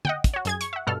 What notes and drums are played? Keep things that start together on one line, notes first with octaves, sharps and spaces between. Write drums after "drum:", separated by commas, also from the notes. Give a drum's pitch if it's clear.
D#5 F#5 G5, drum: tom
drum: kick, hi-hat
F#4 C#5
F#2 G#4 G#6, drum: hi-hat
C#6, drum: hi-hat
E5 F#5
G2 B2 A4 F6